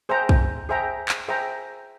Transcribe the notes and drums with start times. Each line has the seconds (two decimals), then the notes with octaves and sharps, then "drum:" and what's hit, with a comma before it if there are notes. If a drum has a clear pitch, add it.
0.09 G#4 C5 E5 G5 A#5
0.29 drum: kick
0.69 G#4 C5 E5 G5 A#5
1.09 drum: clap
1.28 G#4 C5 E5 G5 A#5